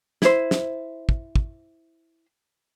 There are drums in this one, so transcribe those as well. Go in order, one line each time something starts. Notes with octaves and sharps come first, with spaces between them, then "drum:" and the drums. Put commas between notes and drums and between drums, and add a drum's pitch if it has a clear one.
E4 C5, drum: snare
drum: snare
drum: kick
drum: kick